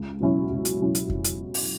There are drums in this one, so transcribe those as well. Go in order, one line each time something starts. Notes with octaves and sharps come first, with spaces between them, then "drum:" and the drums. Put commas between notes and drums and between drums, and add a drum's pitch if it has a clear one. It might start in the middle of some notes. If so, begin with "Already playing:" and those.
Already playing: C#2
B2 F#3 C#4 E4
C#2
drum: hi-hat
B2 F#3 C#4 E4
drum: hi-hat
drum: kick F2
drum: hi-hat
drum: open hi-hat